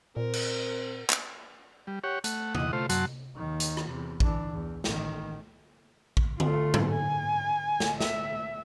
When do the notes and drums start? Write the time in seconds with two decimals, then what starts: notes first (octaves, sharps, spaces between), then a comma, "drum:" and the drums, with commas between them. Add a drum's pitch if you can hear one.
0.17 A#2 C4 A#4
0.34 drum: cymbal
1.10 drum: clap
1.87 G3
2.04 G4 C#5 F#5
2.24 A3 F#5, drum: hi-hat
2.55 E2 D#5 F#5, drum: tom C3
2.73 A3 F4 C5
2.89 F#2 F#3 F#5 A5 C6, drum: hi-hat
3.36 D#2 D#3
3.60 drum: hi-hat
3.77 drum: rim click
3.88 E2 C3
4.20 E3 D4, drum: kick
4.52 E2
4.84 A1 D#3, drum: snare
6.17 drum: kick
6.40 A3 F4, drum: tom D3
6.74 drum: tom
6.91 G#5
7.80 drum: snare
8.00 E5, drum: snare